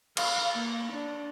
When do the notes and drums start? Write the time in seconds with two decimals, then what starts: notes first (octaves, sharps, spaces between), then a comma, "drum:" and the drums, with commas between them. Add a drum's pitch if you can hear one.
0.17 F5, drum: cymbal
0.55 A#3
0.92 D4